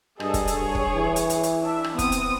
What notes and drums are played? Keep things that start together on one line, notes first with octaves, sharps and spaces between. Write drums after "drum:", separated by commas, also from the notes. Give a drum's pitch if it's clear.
G2 G#4 A4 D#5, drum: rim click
drum: kick, hi-hat
drum: hi-hat
G2 C#5
drum: kick
E3
drum: hi-hat
drum: hi-hat
drum: hi-hat
D4 E5
drum: rim click
B3 C4 D#6, drum: kick, hi-hat
drum: hi-hat